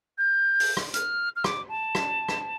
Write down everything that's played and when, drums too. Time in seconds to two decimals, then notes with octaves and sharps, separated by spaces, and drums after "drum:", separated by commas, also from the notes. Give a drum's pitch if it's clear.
0.18 G6
0.60 drum: open hi-hat
0.77 drum: rim click
0.94 F6, drum: hi-hat
1.36 F6
1.44 D6, drum: rim click
1.69 A5
1.95 drum: rim click
2.29 drum: rim click